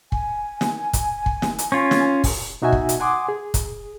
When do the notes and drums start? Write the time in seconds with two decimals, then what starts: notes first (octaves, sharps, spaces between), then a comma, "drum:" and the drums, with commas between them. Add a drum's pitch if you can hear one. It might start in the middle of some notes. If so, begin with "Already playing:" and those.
0.12 G#5, drum: kick
0.61 drum: snare
0.93 drum: kick, hi-hat
1.26 drum: kick
1.42 drum: snare
1.58 drum: hi-hat
1.72 C#4 F4
1.91 drum: snare
2.24 drum: kick, open hi-hat
2.62 B2 D#4 F#4 E5 G#5
2.72 drum: kick
2.89 drum: hi-hat
3.00 F#5 G#5 C6 D6 D#6
3.28 G#4
3.54 drum: kick, hi-hat